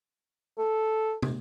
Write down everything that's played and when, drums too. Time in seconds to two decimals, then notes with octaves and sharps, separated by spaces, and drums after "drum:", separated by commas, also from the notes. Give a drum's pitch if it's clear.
0.58 A4
1.22 drum: tom